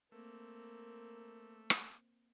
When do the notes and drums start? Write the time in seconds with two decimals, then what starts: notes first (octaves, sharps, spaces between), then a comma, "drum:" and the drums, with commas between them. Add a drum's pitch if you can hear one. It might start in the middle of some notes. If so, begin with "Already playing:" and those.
0.12 A3 A#3 C4 A#4
1.70 drum: rim click